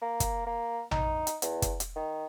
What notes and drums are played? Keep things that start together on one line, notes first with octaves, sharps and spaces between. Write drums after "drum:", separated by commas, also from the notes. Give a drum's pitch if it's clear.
A#3
drum: kick, hi-hat
A#3
D#4, drum: tom A#1
drum: hi-hat
E2, drum: hi-hat
drum: kick, hi-hat
drum: hi-hat
D#3